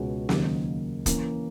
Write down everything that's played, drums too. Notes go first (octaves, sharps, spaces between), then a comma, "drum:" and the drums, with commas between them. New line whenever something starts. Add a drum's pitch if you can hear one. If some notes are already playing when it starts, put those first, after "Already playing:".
Already playing: C#2 B2 G#3 C#4 F#4
D#2 C#3 F#3 A#3 D#4, drum: snare
E3 A#3 C#4, drum: kick, hi-hat